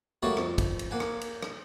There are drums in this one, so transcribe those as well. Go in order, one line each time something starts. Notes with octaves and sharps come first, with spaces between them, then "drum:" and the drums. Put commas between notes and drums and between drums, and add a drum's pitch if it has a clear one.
G3 A3 A#3 F#4 C#5 D#5
F2, drum: rim click
drum: kick, cymbal
drum: cymbal
A#3 F#5 G#5
drum: rim click
drum: cymbal
drum: rim click